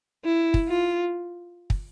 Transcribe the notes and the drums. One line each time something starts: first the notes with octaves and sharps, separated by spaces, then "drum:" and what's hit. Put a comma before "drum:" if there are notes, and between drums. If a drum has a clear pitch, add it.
E4
drum: kick
F4
drum: kick